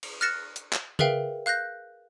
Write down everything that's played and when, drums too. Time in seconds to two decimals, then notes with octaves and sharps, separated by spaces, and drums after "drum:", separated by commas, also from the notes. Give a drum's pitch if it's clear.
0.03 drum: cymbal
0.21 F6 F#6 A6 A#6 C#7 E7
0.56 drum: hi-hat
0.73 drum: clap
0.99 G#4 A#4 B4 E5 F5 G5, drum: tom C#3
1.46 F5 F#6 G6 A#6